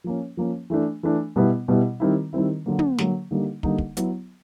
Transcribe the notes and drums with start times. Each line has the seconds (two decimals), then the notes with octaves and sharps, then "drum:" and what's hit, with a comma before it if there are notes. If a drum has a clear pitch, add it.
0.04 F3 A#3 C#4
0.37 F3 A#3 C#4
0.70 E3 A3 D4
1.03 E3 A3 D4
1.36 B2 G3 B3 E4
1.68 B2 G3 B3 E4
2.00 D#3 G3 C4 E4
2.33 D#3 G3 C4 E4
2.66 D3 F#3 A#3
2.79 drum: tom
2.98 D3 F#3 A#3, drum: snare
3.31 D3 G3 A#3 D#4
3.63 D3 G3 A#3 D#4, drum: kick
3.78 drum: kick
3.97 F#3 B3 E4, drum: hi-hat